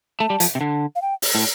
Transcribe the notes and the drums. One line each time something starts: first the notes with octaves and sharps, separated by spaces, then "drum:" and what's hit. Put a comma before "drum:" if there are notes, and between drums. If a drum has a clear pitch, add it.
A3 A5
G3
F3, drum: hi-hat
C3
D3
F5
G5
drum: open hi-hat
A2